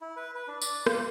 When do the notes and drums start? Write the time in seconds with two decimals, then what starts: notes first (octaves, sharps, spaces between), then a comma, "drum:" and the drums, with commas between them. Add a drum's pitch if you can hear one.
0.01 E4
0.16 B4
0.35 B4
0.48 D4
0.62 D5, drum: tambourine
0.86 F4, drum: rim click